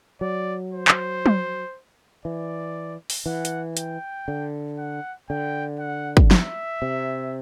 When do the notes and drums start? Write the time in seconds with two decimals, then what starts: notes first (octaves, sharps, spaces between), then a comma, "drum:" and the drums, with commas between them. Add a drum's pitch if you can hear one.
0.21 F#3 D5
0.73 C5
0.88 drum: clap
1.26 drum: tom
2.25 E3 D5
3.10 drum: open hi-hat
3.26 E3 F#5
3.45 drum: hi-hat
3.77 G5, drum: hi-hat
4.28 D3
4.78 F#5
5.30 D3 G5
5.79 F#5
6.17 drum: kick
6.31 E5, drum: snare
6.82 C3